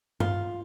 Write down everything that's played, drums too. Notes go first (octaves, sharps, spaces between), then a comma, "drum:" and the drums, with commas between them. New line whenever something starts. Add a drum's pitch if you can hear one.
F4, drum: tom G2